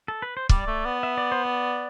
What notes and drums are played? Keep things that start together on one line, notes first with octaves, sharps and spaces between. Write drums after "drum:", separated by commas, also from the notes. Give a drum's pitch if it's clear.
A4
B4
C5
G3 D5, drum: kick
A3
B3
E5
D5
C5
D5